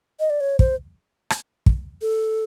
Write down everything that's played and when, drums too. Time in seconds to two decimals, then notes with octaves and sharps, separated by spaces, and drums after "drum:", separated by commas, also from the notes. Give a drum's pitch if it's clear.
0.20 D#5
0.30 D5
0.41 C#5
0.59 C5, drum: kick
1.30 drum: rim click
1.66 drum: kick
2.02 A4